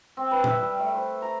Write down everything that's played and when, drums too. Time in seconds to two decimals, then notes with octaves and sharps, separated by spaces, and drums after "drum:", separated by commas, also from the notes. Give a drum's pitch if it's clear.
0.17 C4
0.31 B4
0.44 E5, drum: tom A#2
0.59 G3
0.79 A3
0.94 C5
1.22 A#5